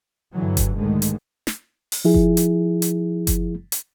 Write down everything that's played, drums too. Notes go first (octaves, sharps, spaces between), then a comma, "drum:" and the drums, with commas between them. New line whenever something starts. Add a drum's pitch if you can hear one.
G2 D3 E3 F#3
drum: kick F#1, hi-hat
B1 G#2 D3 D#3 G#3 A3
drum: hi-hat
drum: snare
drum: open hi-hat
F3 E4 G#4
drum: kick F#1
drum: hi-hat
drum: hi-hat
drum: kick F#1, hi-hat
drum: hi-hat